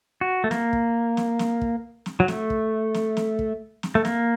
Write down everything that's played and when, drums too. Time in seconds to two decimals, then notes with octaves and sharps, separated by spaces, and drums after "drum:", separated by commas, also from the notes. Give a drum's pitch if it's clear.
0.21 F#4
0.44 A3
0.51 A#3, drum: snare
0.73 drum: kick
1.17 drum: snare
1.39 drum: snare
1.61 drum: kick
2.06 drum: snare
2.20 F#3
2.28 A3, drum: snare
2.50 drum: kick
2.94 drum: snare
3.17 drum: snare
3.39 drum: kick
3.83 drum: snare
3.95 A3
4.05 A#3, drum: snare